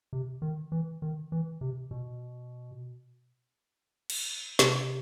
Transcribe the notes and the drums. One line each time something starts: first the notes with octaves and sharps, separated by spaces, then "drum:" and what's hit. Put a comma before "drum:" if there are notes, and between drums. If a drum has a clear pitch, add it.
C3
D#3
E3
D#3
E3
C3
B2
drum: cymbal
C3, drum: snare